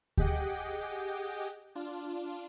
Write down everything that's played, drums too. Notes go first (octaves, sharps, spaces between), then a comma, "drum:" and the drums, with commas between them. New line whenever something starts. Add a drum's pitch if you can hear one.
G4 G#4 D#5 F#5 G5, drum: kick D2
D4 F4